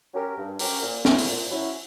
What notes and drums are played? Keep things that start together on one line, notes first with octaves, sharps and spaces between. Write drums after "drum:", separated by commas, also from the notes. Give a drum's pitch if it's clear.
F#3 C#4 G4 A#4
G2
F#3 C#4 G4 A#4, drum: open hi-hat
A#2
F#3 C#4 E4, drum: snare
drum: open hi-hat
A#2
F#3 C#4 E4